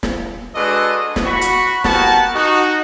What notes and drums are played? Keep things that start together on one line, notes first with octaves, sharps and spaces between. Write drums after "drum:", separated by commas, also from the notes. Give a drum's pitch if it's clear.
drum: snare
G#3 D4 F#4 A4 B4 D#5
drum: snare
F#4 B5 C#6
drum: hi-hat
B3 F#4 G4 A#4 F#5 A5, drum: snare
D#4 F#4